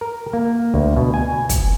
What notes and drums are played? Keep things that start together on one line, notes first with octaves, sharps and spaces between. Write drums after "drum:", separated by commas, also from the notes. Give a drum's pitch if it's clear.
A#4
A#3
D2
B2
G#5
drum: kick, hi-hat